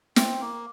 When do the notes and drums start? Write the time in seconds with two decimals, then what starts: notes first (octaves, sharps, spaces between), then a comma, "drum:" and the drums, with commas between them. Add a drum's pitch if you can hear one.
0.16 C4, drum: snare
0.41 A#3